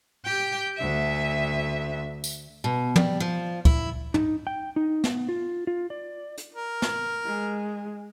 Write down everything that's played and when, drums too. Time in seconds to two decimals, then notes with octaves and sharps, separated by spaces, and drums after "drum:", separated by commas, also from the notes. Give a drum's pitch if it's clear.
0.25 G4 G5
0.77 D2 E5
2.24 drum: tambourine
2.64 B2
2.96 G3, drum: tom
3.20 F3
3.65 E4, drum: kick
4.14 D#4, drum: tom
4.47 G5
4.76 D#4
5.04 B3, drum: snare
5.29 F4
5.67 F4
5.90 D5
6.38 drum: hi-hat
6.55 A#4
6.82 drum: snare
7.25 G#3